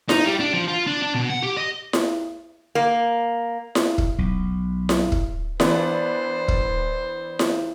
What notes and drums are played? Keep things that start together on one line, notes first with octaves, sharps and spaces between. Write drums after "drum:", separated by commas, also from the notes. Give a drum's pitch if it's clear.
D#4, drum: snare E4
G3
D4
F3
F4
D4
D4
B2
F#5
G4
D#5
drum: snare E4
A#3
drum: snare E4
drum: kick
B1
drum: snare E4
drum: kick
E3 B3 D4 C5, drum: snare E4
drum: kick
drum: snare E4